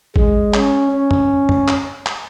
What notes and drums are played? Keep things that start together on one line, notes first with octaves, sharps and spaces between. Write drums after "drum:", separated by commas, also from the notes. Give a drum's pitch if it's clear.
G#3, drum: kick
C#4, drum: clap
C#4
drum: tom F#2
drum: tom F#2
drum: clap
drum: clap